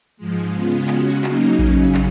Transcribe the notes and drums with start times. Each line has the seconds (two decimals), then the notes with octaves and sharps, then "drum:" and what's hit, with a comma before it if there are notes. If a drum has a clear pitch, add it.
0.17 G#2 F3 G#3
0.53 C#3 G#3 B3 F4
0.88 C#3 G#3 C#4 F#4, drum: clap
1.24 C#3 F#3 A#3 D#4, drum: clap
1.59 C#3 F#3 C#4, drum: kick A#1
1.95 drum: clap